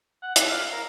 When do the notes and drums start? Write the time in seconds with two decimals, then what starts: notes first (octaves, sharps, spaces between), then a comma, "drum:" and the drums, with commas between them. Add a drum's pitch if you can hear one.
0.23 F#5
0.36 E5, drum: hi-hat
0.50 F5
0.73 A#4